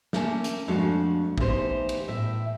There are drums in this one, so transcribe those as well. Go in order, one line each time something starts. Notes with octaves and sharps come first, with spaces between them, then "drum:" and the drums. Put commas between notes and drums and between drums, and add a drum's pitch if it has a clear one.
A3 A#3 C#4 A5, drum: snare
drum: hi-hat
F2 G#3 A3 D4 F#4 F5
E3 A3 B3 D#4 G4 C5, drum: kick
drum: cymbal
A2 E5